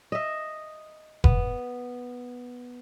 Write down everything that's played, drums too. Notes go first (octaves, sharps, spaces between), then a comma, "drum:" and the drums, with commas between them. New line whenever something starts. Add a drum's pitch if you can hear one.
D#5 E5
B3, drum: kick F1